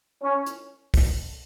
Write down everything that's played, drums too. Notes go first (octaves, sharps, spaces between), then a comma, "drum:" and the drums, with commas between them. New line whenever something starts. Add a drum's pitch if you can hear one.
C#4
drum: hi-hat
drum: kick, open hi-hat